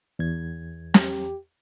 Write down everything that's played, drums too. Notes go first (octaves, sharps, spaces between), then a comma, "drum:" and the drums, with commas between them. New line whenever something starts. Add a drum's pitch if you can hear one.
E2 G#6
G4, drum: snare